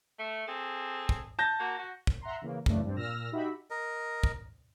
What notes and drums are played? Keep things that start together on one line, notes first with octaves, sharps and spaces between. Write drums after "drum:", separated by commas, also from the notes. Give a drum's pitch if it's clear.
A3
C4 G#4 A4
drum: kick
A5 G6 A#6
A#3 F#4
F#4
drum: kick
E5 F#5 A#5 C6
C#3 E3 A#3
F#2 C#3 E3 A3 D4, drum: kick
G2 C4 D4
A#2 E6 F6 A#6
D#4 F#4 G4 E5 B5
A#4 D#5
drum: kick